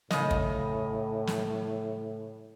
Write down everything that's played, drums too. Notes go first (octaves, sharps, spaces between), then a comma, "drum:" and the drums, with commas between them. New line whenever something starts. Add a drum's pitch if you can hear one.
A2 C#3 D#5, drum: snare
drum: kick
drum: snare